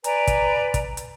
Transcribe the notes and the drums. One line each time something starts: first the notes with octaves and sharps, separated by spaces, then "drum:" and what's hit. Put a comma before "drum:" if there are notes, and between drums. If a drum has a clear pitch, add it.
B4 D5 G#5 A#5, drum: hi-hat
drum: kick, hi-hat
drum: kick, hi-hat
drum: hi-hat